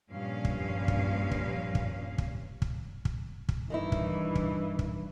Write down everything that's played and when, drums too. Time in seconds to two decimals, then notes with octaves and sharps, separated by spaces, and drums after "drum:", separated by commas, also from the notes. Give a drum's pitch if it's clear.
0.10 G2 A#2 F3 C#4 F5
0.45 drum: kick
0.88 drum: kick
1.31 drum: kick
1.75 drum: kick
2.18 drum: kick
2.62 drum: kick
3.05 drum: kick
3.49 drum: kick
3.70 G2 D#3 E3 D#4 E4
3.92 drum: kick
4.35 drum: kick
4.79 drum: kick